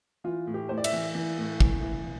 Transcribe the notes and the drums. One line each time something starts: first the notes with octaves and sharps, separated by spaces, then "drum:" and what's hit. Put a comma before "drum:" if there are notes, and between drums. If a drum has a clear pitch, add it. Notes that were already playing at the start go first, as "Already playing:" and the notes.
E3 F4
A2
G4
A2 C5
D5
E5, drum: cymbal
E3
E3
A2
E3, drum: kick
E3